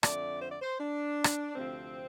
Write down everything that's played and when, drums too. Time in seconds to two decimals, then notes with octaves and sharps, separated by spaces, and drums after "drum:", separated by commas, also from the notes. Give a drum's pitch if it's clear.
0.03 F2 D3 A3 D5, drum: rim click
0.40 C5
0.50 D5
0.61 C5
0.79 D4
1.24 drum: rim click
1.55 D2 C3 F3 C4